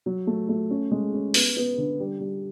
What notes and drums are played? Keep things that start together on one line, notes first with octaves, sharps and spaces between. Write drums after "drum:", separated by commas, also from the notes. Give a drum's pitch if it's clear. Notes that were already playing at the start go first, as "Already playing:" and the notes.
F#3
A3
A3
C#4
G#3
C#4
B3, drum: open hi-hat
B3
D3
G3
G3